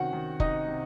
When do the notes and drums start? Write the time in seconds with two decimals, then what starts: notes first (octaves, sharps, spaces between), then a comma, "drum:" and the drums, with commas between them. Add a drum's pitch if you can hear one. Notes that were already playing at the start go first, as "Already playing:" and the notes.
Already playing: C3 D#3 C#4 F#4 F#5
0.13 D#3
0.40 C3 D#4 D#5, drum: kick F1
0.68 C3